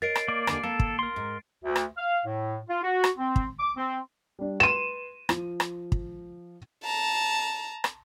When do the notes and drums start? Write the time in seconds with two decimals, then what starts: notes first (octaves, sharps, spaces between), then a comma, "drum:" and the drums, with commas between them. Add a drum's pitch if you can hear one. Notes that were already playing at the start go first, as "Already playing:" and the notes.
0.02 A#4 C#5 D#5 A6 C7 D7
0.15 drum: rim click
0.28 A#3 D5
0.47 D#2 D3 G#5, drum: rim click
0.63 A#3 A4
0.80 drum: kick
0.99 A#4 C6
1.16 G#2
1.64 D2
1.76 drum: rim click
1.98 F5
2.26 A2
2.68 F4
2.83 F#4
3.04 drum: rim click
3.18 C4
3.36 drum: kick
3.60 D6
3.77 C4
4.39 G3 D4
4.60 B4 C6 D#7 E7
5.29 F3, drum: rim click
5.60 drum: rim click
5.92 drum: kick
6.84 A5 A#5
7.84 drum: rim click